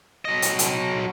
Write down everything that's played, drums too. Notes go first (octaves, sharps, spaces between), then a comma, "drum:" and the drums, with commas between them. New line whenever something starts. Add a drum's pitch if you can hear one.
F#3 D#5
drum: hi-hat
drum: hi-hat